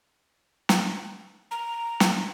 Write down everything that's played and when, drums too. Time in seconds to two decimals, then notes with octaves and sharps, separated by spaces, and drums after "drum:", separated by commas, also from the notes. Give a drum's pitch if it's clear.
0.69 drum: snare
1.51 A#5
2.00 drum: snare